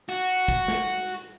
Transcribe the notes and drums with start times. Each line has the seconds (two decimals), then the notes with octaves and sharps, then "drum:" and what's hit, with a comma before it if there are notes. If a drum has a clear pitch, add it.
0.09 F#4, drum: hi-hat
0.29 drum: hi-hat
0.48 drum: kick, hi-hat
0.68 drum: snare
0.88 drum: hi-hat
1.08 drum: hi-hat